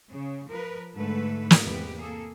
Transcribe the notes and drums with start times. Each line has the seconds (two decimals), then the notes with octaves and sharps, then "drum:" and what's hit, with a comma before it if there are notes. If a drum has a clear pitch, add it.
0.12 C#3
0.48 F3 A#4 B4
0.95 G#2 D3 G#3 A3 A4 B4
1.51 drum: snare
1.62 E2 C3 G#3 G4 B4
1.98 A#3 G#4 A4